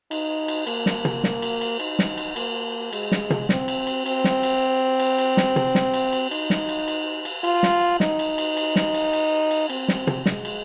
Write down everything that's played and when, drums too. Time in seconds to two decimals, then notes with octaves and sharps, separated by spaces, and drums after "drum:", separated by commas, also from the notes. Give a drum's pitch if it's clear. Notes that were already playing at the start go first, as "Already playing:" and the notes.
0.11 D#4, drum: cymbal
0.48 drum: cymbal
0.67 A#3, drum: cymbal
0.86 drum: snare
1.05 drum: tom
1.24 drum: snare
1.42 drum: cymbal
1.61 drum: cymbal
1.80 D#4, drum: cymbal
1.99 drum: snare
2.18 drum: cymbal
2.36 A#3, drum: cymbal
2.93 G#3, drum: cymbal
3.12 drum: snare
3.30 drum: tom
3.49 C4, drum: snare
3.68 drum: cymbal
3.87 drum: cymbal
4.06 C4, drum: cymbal
4.24 drum: snare
4.43 drum: cymbal
5.00 drum: cymbal
5.18 drum: cymbal
5.37 drum: snare
5.56 drum: tom
5.75 drum: snare
5.94 drum: cymbal
6.12 drum: cymbal
6.31 D#4, drum: cymbal
6.50 drum: snare
6.69 drum: cymbal
6.88 drum: cymbal
7.25 drum: cymbal
7.44 F4, drum: cymbal
7.63 drum: snare
8.00 D#4, drum: snare
8.19 drum: cymbal
8.38 drum: cymbal
8.57 drum: cymbal
8.76 drum: snare
8.94 drum: cymbal
9.13 drum: cymbal
9.51 drum: cymbal
9.70 C4, drum: cymbal
9.88 drum: snare
10.07 drum: tom
10.26 G#3, drum: snare
10.45 drum: cymbal